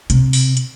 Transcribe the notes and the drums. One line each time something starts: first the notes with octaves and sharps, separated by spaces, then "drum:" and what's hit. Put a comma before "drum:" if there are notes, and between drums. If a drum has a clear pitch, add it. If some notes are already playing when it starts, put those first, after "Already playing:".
C3, drum: hi-hat
drum: open hi-hat
drum: hi-hat